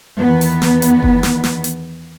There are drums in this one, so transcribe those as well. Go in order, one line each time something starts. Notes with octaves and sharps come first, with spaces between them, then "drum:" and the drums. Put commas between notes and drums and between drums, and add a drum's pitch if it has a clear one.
E2 D#3 B3
drum: open hi-hat
drum: snare
drum: hi-hat
drum: kick F#1
drum: snare
drum: snare
drum: hi-hat